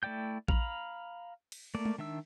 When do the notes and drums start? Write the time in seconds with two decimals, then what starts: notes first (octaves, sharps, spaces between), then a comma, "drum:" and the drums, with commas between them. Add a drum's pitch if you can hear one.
0.03 A3 E4 D5 G5 G6
0.48 F5 A#5 B5, drum: kick A#1
1.52 drum: cymbal
1.75 A3 A#3 D5
1.85 drum: tom G#3
1.98 D#3 D4 E5 E6